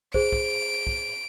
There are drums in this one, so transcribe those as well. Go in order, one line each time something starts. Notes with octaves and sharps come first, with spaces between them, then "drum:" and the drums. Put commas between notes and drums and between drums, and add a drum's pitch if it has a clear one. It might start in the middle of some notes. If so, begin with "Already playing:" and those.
G#4 C5 D7, drum: kick
drum: kick
drum: kick